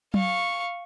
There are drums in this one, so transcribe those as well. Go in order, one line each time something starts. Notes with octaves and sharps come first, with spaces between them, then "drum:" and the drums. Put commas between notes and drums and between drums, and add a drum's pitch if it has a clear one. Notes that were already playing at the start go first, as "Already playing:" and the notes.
F5 C#6, drum: tom F#3